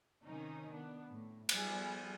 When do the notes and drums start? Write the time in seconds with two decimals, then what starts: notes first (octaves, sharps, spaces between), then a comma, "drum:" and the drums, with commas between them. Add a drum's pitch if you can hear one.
0.24 C3 D#3 C#4 D#4
0.71 B3 D4
1.09 A2
1.49 F3 G3 B3 G#4, drum: cymbal